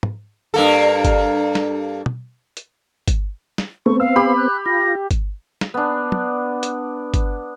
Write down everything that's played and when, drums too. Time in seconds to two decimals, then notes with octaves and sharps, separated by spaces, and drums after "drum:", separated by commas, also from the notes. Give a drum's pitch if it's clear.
0.03 drum: tom
0.54 G2 A#3 A4
1.05 drum: kick G1, hi-hat
1.55 drum: snare
2.06 drum: tom
2.57 drum: hi-hat
3.08 drum: kick G1, hi-hat
3.58 drum: snare
3.86 A3 B3 C4 C#6
4.00 F5 E6
4.16 G4 B5
4.37 F#6
4.66 F4 A#6
5.11 drum: kick G1, hi-hat
5.61 drum: snare
5.74 B3 D4
6.12 drum: tom
6.63 drum: hi-hat
7.14 drum: kick G1, hi-hat